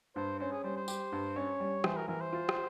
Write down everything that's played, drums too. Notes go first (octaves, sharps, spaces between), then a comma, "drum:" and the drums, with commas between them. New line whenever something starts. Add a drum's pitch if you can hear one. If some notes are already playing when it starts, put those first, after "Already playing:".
G2 C5
C#4 C5
G#4
G3 C5
C5
G4, drum: tambourine
G2
C#4 C#5
G3
E3 C5, drum: rim click
A#4
E3 A#4
C5
F4
drum: rim click